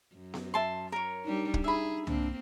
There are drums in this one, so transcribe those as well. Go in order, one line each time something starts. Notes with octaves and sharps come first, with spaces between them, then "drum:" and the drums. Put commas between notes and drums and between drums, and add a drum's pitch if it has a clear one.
F#2
drum: snare B3
E5 A5 C6
A#4 C#5
G3 D4 D#4
drum: kick
D#4 G#4 E5 B5
A#3 C4 D4, drum: tom